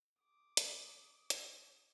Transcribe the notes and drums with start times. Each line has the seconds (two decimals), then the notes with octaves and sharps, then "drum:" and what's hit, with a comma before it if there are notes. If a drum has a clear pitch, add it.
0.21 D6 D#6
0.57 drum: hi-hat
1.30 drum: hi-hat